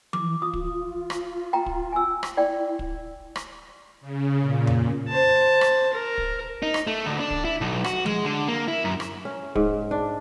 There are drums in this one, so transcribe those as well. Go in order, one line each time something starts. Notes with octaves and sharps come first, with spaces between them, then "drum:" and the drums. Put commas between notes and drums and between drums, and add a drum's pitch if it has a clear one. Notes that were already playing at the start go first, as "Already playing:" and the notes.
E3 D6, drum: tom F3
F4 D#6
drum: kick
drum: rim click
G5 A#5
drum: kick
G#5 E6
drum: rim click
E4 D5 G5
drum: kick
drum: rim click
C#3
A#2
drum: tom F2
C5 A5
drum: rim click
A#4
drum: kick
D#4
drum: rim click
A3
D2
D4
drum: kick
E4
B1
F#4, drum: rim click
G#3, drum: tom F3
D3
A#3
E4
F#2
drum: rim click
C#4
G#2, drum: kick
D4